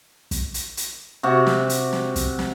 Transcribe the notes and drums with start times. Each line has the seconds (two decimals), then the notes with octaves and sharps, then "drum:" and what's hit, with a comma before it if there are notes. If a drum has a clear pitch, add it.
0.31 drum: kick, hi-hat
0.54 drum: hi-hat
0.77 drum: hi-hat
1.23 C3 F#4 G4
1.46 drum: snare
1.69 drum: hi-hat
1.93 drum: snare
2.16 drum: kick, hi-hat
2.39 drum: snare